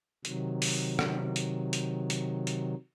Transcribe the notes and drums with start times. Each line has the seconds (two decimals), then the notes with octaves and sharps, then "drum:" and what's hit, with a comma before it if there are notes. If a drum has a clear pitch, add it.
0.25 C3 D#3 F#3, drum: hi-hat
0.62 drum: open hi-hat
0.99 drum: rim click
1.36 drum: hi-hat
1.73 drum: hi-hat
2.10 drum: hi-hat
2.47 drum: hi-hat